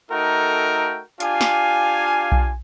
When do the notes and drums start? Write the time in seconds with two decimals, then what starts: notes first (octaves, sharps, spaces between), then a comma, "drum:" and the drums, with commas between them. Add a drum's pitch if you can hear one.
0.11 A3 D#4 F#4 A4 A#4 G5
1.20 D4 F4 G4 F5 G#5, drum: hi-hat
1.41 drum: snare
2.32 drum: kick B1